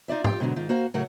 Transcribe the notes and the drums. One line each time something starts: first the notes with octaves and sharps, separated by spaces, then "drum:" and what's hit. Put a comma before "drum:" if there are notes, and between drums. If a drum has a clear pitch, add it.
D#4 F4 D5 E5
F4 G4 G5, drum: tom G#2
G#2 B2 D3 D#3 F#3
G#2 D#3 F4
A#3 F#4 C5 F5
A2 C#3 F#3 A3 A#4 F#5